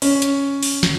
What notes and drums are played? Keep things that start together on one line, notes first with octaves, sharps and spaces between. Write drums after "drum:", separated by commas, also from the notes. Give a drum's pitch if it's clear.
C#4, drum: open hi-hat
drum: hi-hat
drum: open hi-hat
drum: snare